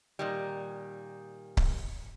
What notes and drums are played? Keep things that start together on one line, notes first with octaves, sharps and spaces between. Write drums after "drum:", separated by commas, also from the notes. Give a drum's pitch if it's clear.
A#2 D#3 G3
drum: kick C#1